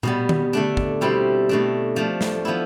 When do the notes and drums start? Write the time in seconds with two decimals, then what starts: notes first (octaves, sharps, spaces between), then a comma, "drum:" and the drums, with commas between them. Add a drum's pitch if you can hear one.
0.03 B2 G3 B3, drum: tom A#2
0.29 drum: tom D#3
0.53 D3 A3 D4
0.77 drum: kick
1.01 B2 G3 C4 E4
1.49 B2 A3 D4
1.96 F3 A3 D4
2.21 drum: snare
2.45 F3 B3 E4